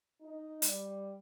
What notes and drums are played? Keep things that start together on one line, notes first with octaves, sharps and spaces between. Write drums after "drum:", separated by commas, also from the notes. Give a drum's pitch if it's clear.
D#4
G3, drum: hi-hat